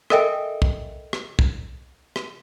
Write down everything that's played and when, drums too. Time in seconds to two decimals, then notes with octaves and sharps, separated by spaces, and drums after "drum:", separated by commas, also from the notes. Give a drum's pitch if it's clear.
0.10 A4 A#4 D#5 E5 G5 G#5, drum: rim click
0.62 drum: kick
1.13 drum: rim click
1.39 drum: kick
2.16 drum: rim click